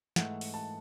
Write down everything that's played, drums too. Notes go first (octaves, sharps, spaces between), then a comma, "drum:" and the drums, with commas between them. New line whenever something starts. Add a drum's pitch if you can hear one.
G#2 E3 A3 F#5, drum: snare
drum: open hi-hat
A5